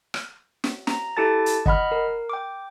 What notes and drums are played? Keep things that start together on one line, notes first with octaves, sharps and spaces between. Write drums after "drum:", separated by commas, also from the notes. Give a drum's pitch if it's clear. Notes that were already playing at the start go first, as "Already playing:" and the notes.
drum: rim click
drum: snare
A#5, drum: snare
E4 G4 A4 A5 A6
drum: hi-hat
D#5 F#5 B5 F6, drum: kick
A#4
G5 D6